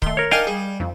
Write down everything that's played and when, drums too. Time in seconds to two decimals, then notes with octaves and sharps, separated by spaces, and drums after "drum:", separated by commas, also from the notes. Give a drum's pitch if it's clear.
0.02 D#3 A3 C6, drum: kick C#1
0.17 A#4 C#5
0.31 D4 D#4 A#4 F5 G5 G#5 F6 A6
0.47 G3 G#4
0.80 F2